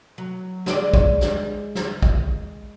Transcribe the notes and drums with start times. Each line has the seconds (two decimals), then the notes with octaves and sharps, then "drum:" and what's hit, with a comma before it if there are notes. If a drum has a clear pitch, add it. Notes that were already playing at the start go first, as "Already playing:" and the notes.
0.18 F#3
0.66 G#3 D5, drum: snare
0.94 drum: kick
1.21 drum: snare
1.75 drum: snare
2.02 drum: kick